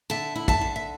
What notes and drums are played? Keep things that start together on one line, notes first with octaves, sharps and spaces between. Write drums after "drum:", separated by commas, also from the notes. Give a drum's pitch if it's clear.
D3 E5 A5
E4
E5 A5, drum: kick
D3
E5